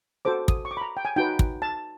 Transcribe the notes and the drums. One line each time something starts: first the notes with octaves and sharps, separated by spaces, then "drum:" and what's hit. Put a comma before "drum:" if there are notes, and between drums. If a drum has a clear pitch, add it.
F#4 A4 C5 D6
D#6, drum: kick
C#6
D6
B5
A#5
G5
G#5
D#4 F#4 B4 G5
drum: kick
A5